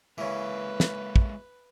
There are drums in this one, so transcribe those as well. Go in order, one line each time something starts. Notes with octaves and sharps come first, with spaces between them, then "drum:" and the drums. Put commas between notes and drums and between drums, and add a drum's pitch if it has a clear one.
C#3 E3 G#3 A#3 B4
drum: snare
drum: kick